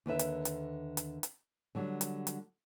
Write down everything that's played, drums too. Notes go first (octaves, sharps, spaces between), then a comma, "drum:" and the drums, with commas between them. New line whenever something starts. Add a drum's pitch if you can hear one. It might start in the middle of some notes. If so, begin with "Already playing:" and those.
D#2 D3 B4 E5
drum: hi-hat
drum: hi-hat
drum: hi-hat
drum: hi-hat
D3 F#3 G3
drum: hi-hat
drum: hi-hat